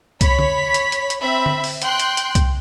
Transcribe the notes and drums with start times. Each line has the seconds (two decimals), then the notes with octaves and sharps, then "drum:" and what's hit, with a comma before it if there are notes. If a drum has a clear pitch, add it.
0.21 C#5 B5 B6, drum: kick C2, hi-hat
0.39 drum: tom D3
0.74 drum: hi-hat
0.92 drum: hi-hat
1.10 drum: hi-hat
1.21 C4 E5 B5
1.46 drum: tom D3
1.64 drum: open hi-hat
1.82 G5 C6 F#6, drum: hi-hat
1.99 drum: hi-hat
2.17 drum: hi-hat
2.35 drum: kick C2, hi-hat